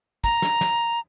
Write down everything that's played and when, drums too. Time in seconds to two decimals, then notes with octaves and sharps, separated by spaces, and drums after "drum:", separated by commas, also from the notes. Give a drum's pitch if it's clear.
0.24 A#5, drum: kick
0.42 drum: snare
0.61 drum: snare